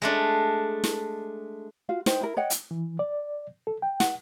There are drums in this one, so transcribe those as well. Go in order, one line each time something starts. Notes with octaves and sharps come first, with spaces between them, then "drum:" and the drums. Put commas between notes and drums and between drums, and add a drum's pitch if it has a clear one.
G#3 A3 D4
drum: snare
F4 F#4 F5
D#4 C5 G5, drum: snare
E4 A#4
C#5 D#5 F#5 G5
drum: hi-hat
E3
D5
A4
G5
F#5, drum: snare